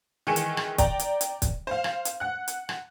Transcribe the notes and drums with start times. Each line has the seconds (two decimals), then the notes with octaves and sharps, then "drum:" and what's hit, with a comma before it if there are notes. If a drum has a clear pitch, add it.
0.27 D#3 E3 G#3 G#5 C#7 E7
0.36 drum: hi-hat
0.57 drum: rim click
0.78 D5 G5 A#5, drum: kick, hi-hat
0.99 drum: hi-hat
1.21 drum: hi-hat
1.42 drum: kick, hi-hat
1.67 C5 F5
1.84 drum: rim click
2.05 drum: hi-hat
2.20 F#5 F#6
2.48 drum: hi-hat
2.69 drum: rim click